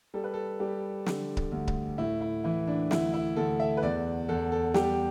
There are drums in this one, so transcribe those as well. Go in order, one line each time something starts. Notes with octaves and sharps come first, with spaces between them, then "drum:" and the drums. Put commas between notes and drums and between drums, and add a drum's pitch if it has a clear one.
G3 A4
B4
A4
G3 G4
D3, drum: snare
drum: kick C#1
D2
drum: kick C#1
A2 E4
E4
E3 E4
D4
D2 E4, drum: snare
E4
D2 A4
E5
B4
E2 D5
E2 A4
A4
G3 G4, drum: snare